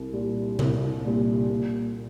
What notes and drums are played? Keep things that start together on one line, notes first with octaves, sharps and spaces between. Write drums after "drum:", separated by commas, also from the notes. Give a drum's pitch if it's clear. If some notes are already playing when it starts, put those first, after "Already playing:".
Already playing: C2
A#2 G3
C2, drum: tom C3
A#2 G3
A#2